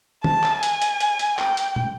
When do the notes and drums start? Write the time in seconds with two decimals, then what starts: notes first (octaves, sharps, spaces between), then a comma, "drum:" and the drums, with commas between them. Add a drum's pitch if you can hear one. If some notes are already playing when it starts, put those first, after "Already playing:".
0.24 A5, drum: tom
0.44 drum: clap
0.63 G#5, drum: hi-hat
0.82 drum: hi-hat
1.00 drum: hi-hat
1.19 drum: hi-hat
1.39 G5, drum: clap
1.57 drum: hi-hat
1.76 drum: tom